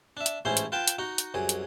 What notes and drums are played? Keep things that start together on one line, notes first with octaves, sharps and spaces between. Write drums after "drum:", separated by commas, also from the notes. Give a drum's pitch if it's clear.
D4 E5
drum: hi-hat
A1 G#2 C#4 E4 C5 C6
drum: hi-hat
F4 B4 G5 A5
drum: hi-hat
D#4 F#4
drum: hi-hat
C2 F#2 G#4
drum: hi-hat